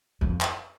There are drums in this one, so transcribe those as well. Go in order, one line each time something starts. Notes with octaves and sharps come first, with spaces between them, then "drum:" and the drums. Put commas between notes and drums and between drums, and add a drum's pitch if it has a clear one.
F2
drum: clap